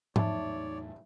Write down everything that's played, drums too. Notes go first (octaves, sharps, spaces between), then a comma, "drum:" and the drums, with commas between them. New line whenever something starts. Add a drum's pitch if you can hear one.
E2 A2 F#3 D#4 C#5 D5 E5 A5, drum: tom G#2